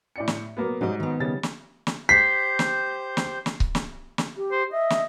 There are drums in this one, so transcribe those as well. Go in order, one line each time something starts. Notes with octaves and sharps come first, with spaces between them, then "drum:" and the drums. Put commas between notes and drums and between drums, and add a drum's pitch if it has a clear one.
A2 D5 C#7
drum: snare
F#3 A#3 B3
G#2 F#3 G3 D#5
D#3 B3
C#3 G3 A6
drum: snare
drum: snare
G4 C5 G6 B6 C7
drum: snare
drum: snare
drum: snare
drum: kick C#1
drum: snare
drum: snare
G4
C5
D#5 E5
drum: snare